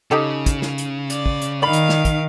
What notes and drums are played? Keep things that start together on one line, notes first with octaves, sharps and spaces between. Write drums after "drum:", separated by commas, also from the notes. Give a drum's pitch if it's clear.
C#3 D#4 G4 A4
drum: kick, hi-hat
drum: snare
drum: hi-hat
D5, drum: hi-hat
drum: kick
drum: hi-hat
D#3 D5 F5 B5
drum: hi-hat
drum: snare
drum: kick, hi-hat